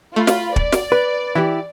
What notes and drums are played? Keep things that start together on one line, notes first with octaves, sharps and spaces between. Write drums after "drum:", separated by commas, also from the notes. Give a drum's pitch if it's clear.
A3 F4 B5
drum: snare
D5, drum: kick
drum: snare
B4
E3 E4 G4